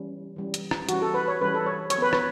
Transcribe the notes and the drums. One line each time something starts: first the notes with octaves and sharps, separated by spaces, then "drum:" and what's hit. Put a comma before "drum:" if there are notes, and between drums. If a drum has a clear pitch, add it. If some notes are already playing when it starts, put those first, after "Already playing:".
Already playing: E3 G3 C#4
E3 G3 C#4
drum: hi-hat
drum: rim click
E3 G3 C#4 F#4, drum: hi-hat
A4
B4
C#5
E3 G3 C#4 B4
A4
C#5
F#3 C#5, drum: hi-hat
B3 B4
C#5, drum: rim click